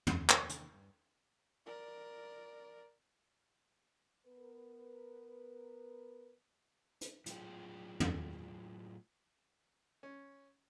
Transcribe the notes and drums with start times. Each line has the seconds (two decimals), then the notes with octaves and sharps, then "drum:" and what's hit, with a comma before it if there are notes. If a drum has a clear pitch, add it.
0.07 C3, drum: tom
0.29 F2 B2 F3 F#3, drum: clap
0.49 C3 D#3 E3 A#3, drum: hi-hat
0.74 G2
1.66 A#4 D5
4.26 B3 A#4 B4
7.01 drum: hi-hat
7.26 A2 F#3 F4 G#4 G5, drum: hi-hat
8.00 drum: tom
10.03 C#4